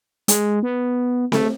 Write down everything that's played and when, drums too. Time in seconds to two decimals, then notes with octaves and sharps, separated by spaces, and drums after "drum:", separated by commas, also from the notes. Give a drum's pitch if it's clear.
0.28 G#3, drum: hi-hat
0.63 B3
1.32 A3, drum: snare C4